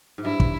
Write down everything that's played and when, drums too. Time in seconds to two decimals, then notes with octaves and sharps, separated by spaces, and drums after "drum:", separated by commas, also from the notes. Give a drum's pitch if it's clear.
0.18 G#2
0.24 G2 E4
0.40 drum: kick